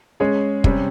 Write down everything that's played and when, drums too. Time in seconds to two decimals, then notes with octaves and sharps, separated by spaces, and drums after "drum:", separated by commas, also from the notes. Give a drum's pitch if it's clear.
0.20 G#3 C#4 G#4
0.64 C3 G3 C#4, drum: kick